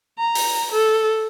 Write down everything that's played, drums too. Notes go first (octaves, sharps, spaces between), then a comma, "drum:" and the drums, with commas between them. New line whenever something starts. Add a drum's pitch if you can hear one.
A#5
drum: open hi-hat
A4